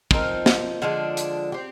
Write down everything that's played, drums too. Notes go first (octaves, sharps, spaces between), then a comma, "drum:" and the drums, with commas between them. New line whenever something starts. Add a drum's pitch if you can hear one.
F3 C4 D#4 A#4, drum: kick
drum: snare
D3 F3 G#3 D4
drum: hi-hat
C4 G4